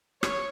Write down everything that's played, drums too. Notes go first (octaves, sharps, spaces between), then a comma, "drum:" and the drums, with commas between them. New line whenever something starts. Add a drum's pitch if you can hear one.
C#5, drum: rim click